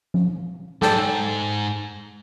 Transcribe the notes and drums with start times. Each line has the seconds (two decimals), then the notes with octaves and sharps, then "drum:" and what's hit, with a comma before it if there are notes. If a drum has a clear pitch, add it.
0.14 drum: tom F3
0.82 G#2 A4 G5 A5, drum: snare